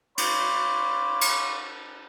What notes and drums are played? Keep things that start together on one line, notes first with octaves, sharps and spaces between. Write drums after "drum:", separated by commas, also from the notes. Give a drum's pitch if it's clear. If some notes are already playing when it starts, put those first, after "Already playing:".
C#5 F5 B5 C6 D6, drum: cymbal
drum: cymbal